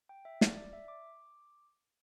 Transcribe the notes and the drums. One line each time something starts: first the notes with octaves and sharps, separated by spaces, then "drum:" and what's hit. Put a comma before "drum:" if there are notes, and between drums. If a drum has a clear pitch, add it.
G5
E5
D5, drum: snare
D5
E5
D6